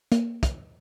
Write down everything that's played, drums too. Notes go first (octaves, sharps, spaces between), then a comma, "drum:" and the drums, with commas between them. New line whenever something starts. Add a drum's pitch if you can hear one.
A#3, drum: hi-hat
drum: kick, hi-hat